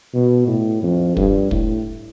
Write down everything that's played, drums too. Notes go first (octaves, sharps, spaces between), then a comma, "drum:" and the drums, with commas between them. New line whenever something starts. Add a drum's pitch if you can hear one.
B2
A2
F2
G2, drum: kick
A2, drum: kick